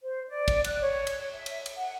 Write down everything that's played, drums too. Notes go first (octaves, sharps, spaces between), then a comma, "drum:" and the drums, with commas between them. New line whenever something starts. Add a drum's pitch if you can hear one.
C5
D5
drum: kick, cymbal
F#6, drum: cymbal
C#5
drum: cymbal
E5
drum: cymbal
drum: cymbal
F#5